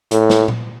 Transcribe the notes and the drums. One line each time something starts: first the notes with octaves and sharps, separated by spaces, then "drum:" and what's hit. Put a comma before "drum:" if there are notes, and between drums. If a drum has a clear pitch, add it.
A2, drum: hi-hat
drum: snare
drum: tom A#2